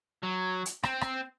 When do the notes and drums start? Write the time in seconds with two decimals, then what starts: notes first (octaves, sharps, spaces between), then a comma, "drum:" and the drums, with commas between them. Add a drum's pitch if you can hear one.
0.23 F#3
0.66 drum: hi-hat
0.83 C4, drum: rim click
1.01 drum: rim click